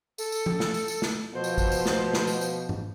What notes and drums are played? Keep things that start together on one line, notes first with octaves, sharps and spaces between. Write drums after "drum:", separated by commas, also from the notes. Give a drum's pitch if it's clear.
A4, drum: tambourine
drum: tambourine
drum: tom F3
drum: snare
drum: tambourine
drum: tambourine
drum: snare
B2 F3 C5
drum: tambourine
drum: kick A1, tambourine
drum: tambourine
drum: snare
drum: snare
drum: tambourine
drum: tambourine
drum: tom G#2